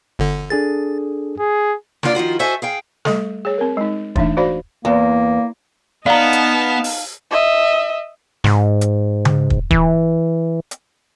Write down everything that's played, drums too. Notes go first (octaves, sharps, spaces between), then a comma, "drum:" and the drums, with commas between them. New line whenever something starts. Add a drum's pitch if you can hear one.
G1 D3
D4 G#4 A4 A6
G#4
A#3 D4 F4 D5, drum: snare
D#3 F3 F4 F#4
F#4 A4 C5 D#5 E5 G#5
G#4 F5 G5
G3 A3 A4, drum: snare
G#4 C#5
C4 A#4
G#3 D#4
E3 A3 D4 D#4 E5, drum: kick
F#4 C5 D5 F5 B5
E2 A#3
B3 D#4 D5 F5 A5 A#5 F6
drum: hi-hat
drum: open hi-hat
D#5 E5
G#2, drum: snare
drum: hi-hat
drum: tom C#3
drum: kick
E3, drum: kick
drum: hi-hat